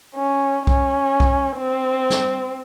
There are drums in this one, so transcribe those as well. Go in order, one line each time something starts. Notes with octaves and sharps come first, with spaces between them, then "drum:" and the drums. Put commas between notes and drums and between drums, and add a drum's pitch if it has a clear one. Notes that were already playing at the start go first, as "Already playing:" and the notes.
C#4
C#4, drum: kick B1
drum: kick B1
C4
drum: snare